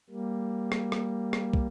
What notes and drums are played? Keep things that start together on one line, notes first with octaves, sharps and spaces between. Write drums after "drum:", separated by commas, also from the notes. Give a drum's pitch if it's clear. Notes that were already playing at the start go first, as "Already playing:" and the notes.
G3 A#3
drum: rim click
drum: rim click
drum: rim click
drum: kick